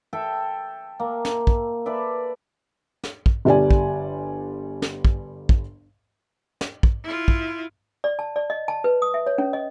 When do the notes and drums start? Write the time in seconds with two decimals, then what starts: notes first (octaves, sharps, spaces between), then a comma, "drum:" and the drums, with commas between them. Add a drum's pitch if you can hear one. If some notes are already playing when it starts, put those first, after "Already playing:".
0.13 A4 E5 G5
1.00 A#3
1.25 drum: snare
1.47 drum: kick
1.86 A4 B4 D5 E5
3.03 drum: snare
3.26 drum: kick
3.45 G1 G3 D5 G#5
3.71 drum: kick
4.82 drum: snare
5.05 drum: kick
5.49 drum: kick
6.61 drum: snare
6.83 drum: kick
7.04 E4 F4
7.28 drum: kick
8.04 D5
8.19 A5
8.36 D5
8.50 D#5
8.68 A5
8.84 B4
9.02 D#6
9.14 E5
9.27 C#5
9.38 C#4
9.53 D#5